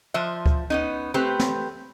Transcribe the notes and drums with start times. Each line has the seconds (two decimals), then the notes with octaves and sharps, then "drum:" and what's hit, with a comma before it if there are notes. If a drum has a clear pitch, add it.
0.14 F3 C5 E5
0.46 drum: kick D2
0.70 B3 C#4 D#4
1.14 A3 C4 G4 B4 C5
1.39 drum: snare